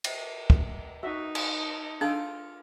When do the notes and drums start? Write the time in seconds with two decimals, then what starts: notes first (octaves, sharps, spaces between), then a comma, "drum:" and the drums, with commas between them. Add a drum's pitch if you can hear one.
0.04 drum: cymbal
0.50 drum: kick
1.03 D#4 F#4 E5
1.35 drum: cymbal
2.01 D4 F4 G#4 A4 G5